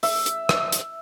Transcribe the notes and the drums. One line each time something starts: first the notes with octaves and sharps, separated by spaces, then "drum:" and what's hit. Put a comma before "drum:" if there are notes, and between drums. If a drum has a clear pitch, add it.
E5, drum: open hi-hat
drum: hi-hat
drum: rim click
drum: hi-hat